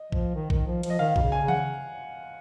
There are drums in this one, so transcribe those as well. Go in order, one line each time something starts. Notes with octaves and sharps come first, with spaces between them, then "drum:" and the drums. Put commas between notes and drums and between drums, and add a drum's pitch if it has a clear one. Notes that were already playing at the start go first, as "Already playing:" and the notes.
Already playing: D#5
F3, drum: kick A#1
D#3
D#3, drum: kick A#1
F3
F3, drum: cymbal
D#5
D#3 F5
B2, drum: kick A#1
C#3
G#5
C#3
F#5, drum: tom D#3